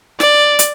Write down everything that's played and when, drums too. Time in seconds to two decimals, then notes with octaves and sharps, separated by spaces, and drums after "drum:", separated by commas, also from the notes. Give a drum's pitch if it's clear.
0.20 D5, drum: snare
0.59 drum: hi-hat